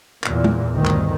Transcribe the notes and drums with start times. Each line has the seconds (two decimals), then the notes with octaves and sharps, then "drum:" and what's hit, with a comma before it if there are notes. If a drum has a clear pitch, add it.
0.24 E2 A#2, drum: clap
0.44 drum: tom G#3
0.74 G1 D2 D#3
0.86 drum: clap